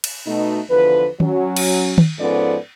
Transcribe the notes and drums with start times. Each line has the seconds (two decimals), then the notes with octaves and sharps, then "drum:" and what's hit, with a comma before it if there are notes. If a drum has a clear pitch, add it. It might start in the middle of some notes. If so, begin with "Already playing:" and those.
0.04 drum: cymbal
0.26 B2 A3 D#4
0.69 E2 D3 F3 B4
1.20 F#3 C#4, drum: tom D#3
1.56 drum: cymbal
1.98 drum: tom D#3
2.19 G#2 F3 B3 C#4 A4 D5